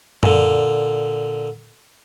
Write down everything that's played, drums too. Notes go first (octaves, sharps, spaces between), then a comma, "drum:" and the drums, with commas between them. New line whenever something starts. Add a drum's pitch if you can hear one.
A#2 D3, drum: tom F#2